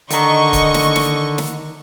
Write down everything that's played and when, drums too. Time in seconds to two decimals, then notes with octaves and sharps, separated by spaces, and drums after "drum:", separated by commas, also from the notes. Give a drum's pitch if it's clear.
0.10 D3 D#3 D#5 A#5 C#6, drum: hi-hat
0.53 drum: kick, hi-hat
0.74 drum: snare
0.95 drum: snare
1.38 drum: snare